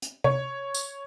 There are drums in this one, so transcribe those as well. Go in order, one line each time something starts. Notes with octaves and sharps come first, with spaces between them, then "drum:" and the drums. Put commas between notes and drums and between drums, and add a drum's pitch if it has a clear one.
drum: hi-hat
C#5, drum: tom C3
drum: tambourine